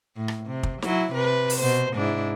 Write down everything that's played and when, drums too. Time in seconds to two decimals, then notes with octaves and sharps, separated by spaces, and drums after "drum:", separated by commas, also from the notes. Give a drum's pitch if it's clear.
0.17 A2
0.28 drum: rim click
0.47 C3
0.63 drum: kick
0.82 F#3 E4, drum: snare
1.13 C3 B4
1.50 drum: open hi-hat
1.59 B2 C5
1.94 G#2 D4 E4